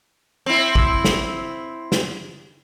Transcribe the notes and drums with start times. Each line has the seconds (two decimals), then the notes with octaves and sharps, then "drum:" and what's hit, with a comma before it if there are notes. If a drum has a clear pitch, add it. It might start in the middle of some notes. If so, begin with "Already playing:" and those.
0.46 C4 E4
0.75 drum: kick A1
1.05 drum: snare
1.92 drum: snare